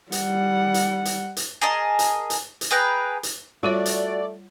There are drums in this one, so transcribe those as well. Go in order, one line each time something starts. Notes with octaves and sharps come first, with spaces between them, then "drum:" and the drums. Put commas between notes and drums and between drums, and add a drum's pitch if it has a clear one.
G3 F#5, drum: hi-hat
drum: hi-hat
drum: hi-hat
drum: hi-hat
G#4 A#4 D#5 A5
drum: hi-hat
drum: hi-hat
drum: hi-hat
G#4 B4 G5 A#5
drum: hi-hat
G3 A3 F4 F#4 C#5 D5
drum: hi-hat